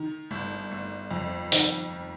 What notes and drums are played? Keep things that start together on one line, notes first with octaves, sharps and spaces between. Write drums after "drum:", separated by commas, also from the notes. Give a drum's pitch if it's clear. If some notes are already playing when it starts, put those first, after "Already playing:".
Already playing: D#3
G1
G1
F2
D#3, drum: open hi-hat